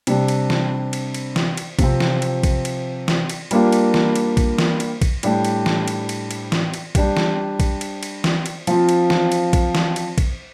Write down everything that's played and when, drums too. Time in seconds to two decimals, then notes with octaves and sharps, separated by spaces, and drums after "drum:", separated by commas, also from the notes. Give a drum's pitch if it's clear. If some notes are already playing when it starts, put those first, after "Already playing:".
0.07 C3 G3 D4, drum: cymbal
0.28 drum: cymbal
0.50 drum: snare
0.93 drum: cymbal
1.14 drum: cymbal
1.36 drum: snare
1.57 drum: cymbal
1.79 C3 F3 C4, drum: kick, cymbal
2.00 drum: snare
2.22 drum: cymbal
2.43 drum: kick, cymbal
2.65 drum: cymbal
3.08 drum: snare
3.29 drum: cymbal
3.51 G3 A#3 D4 F4, drum: cymbal
3.72 drum: cymbal
3.94 drum: snare
4.15 drum: cymbal
4.37 drum: kick, cymbal
4.59 drum: snare
4.80 drum: cymbal
5.02 drum: kick, cymbal
5.23 A2 G3 D4 G4, drum: cymbal
5.45 drum: cymbal
5.66 drum: snare
5.88 drum: cymbal
6.09 drum: cymbal
6.31 drum: cymbal
6.52 drum: snare
6.74 drum: cymbal
6.95 G3 D4 G4, drum: kick, cymbal
7.17 drum: snare
7.60 drum: kick, cymbal
7.81 drum: cymbal
8.03 drum: cymbal
8.24 drum: snare
8.46 drum: cymbal
8.67 F3 C4 F4, drum: cymbal
8.89 drum: cymbal
9.10 drum: snare
9.32 drum: cymbal
9.53 drum: kick, cymbal
9.75 drum: snare
9.96 drum: cymbal
10.18 drum: kick, cymbal